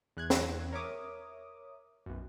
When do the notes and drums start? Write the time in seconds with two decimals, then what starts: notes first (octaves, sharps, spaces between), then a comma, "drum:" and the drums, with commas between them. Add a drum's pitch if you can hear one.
0.17 E2 F#6 G#6
0.30 drum: snare
0.72 A#4 C#5 E5 D6 D#6
2.06 B1 F#2